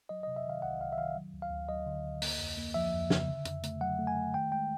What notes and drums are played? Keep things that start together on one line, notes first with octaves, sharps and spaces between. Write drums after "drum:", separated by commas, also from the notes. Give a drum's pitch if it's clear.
F#3 D#5
C3 D#5
E5
D#3 F5
C2 F#5
C2 F5
E5
D#3 F5
F#3
D2
F5
D2
F#3 D#5
D3
D2
A#3, drum: open hi-hat
F2
A#3
F3 E5
F2
C#3, drum: snare
D3
F2, drum: hi-hat
A3, drum: hi-hat
F#3 F#5
A3
G#5
A3
D#3 G5
G#3 G5